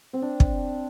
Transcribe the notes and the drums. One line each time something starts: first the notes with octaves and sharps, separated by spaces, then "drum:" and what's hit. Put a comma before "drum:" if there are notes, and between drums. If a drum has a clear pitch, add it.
C4
D4
drum: kick